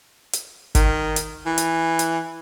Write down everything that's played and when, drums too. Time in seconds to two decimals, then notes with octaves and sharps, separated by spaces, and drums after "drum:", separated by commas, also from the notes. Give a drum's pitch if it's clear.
0.33 drum: hi-hat
0.75 D#3, drum: kick G1, hi-hat
1.16 drum: hi-hat
1.46 E3
1.58 drum: hi-hat
1.99 drum: hi-hat